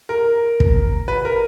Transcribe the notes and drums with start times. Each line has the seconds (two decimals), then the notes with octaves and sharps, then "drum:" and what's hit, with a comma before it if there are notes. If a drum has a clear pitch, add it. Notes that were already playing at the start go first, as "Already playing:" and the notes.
0.09 A#4
0.60 drum: kick
1.08 B4
1.25 A#4